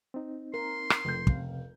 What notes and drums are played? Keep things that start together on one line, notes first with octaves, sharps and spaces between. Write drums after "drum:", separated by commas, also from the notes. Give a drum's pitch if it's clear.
C4 D#4
A#4 C6
drum: rim click
F1 G6
C#2 C3 F5, drum: kick